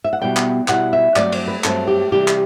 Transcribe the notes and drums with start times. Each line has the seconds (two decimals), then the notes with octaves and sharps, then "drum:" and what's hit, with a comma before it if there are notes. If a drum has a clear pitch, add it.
0.04 E5
0.13 F#5
0.21 B2 G3 B3 E4 G5
0.37 drum: clap
0.68 B2 G3 B3 E4 F#5, drum: clap
0.93 E5
1.16 G2 F#3 A3 C4 D5, drum: clap
1.32 C5, drum: cymbal
1.48 B4
1.64 G2 F#3 A3 C4 A4, drum: clap
1.87 G4
2.12 C3 E3 G3 G4
2.28 drum: clap